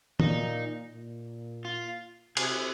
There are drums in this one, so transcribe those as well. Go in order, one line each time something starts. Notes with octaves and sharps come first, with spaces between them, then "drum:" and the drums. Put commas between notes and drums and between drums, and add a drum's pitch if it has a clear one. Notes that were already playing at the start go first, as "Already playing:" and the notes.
A#2 D#4, drum: tom
A#2
F4
C3 G#4, drum: cymbal